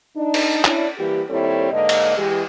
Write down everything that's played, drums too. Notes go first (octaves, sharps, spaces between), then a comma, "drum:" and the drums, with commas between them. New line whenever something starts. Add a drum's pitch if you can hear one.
D4 D#4
drum: cymbal
C#4 D4 E4, drum: clap
E3 G3 A#3 G4
D#2 G3 C4 E4 A4 C#5
G#2 D3 A#3 D#5
drum: cymbal
E3 G#3 G4